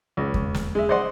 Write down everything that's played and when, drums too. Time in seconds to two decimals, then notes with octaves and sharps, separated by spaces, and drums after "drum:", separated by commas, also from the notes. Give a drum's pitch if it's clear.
0.17 C#2
0.34 drum: kick E2
0.54 drum: snare
0.75 G#3 E5
0.89 C5 D5 D#5 F#5 C6